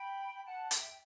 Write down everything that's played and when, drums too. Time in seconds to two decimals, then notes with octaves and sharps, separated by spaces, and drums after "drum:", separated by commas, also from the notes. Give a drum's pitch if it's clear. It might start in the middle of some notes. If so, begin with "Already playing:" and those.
Already playing: G5 B5
0.34 B5
0.45 F#5 A5
0.71 E5 G5, drum: hi-hat